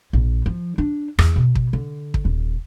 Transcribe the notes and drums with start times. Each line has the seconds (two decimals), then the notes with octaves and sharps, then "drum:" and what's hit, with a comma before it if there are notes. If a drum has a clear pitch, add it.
0.13 A#1
0.46 F3
0.78 D4
1.19 E2, drum: rim click
1.36 B2
1.55 drum: kick
1.73 D3
2.14 drum: kick
2.25 D#1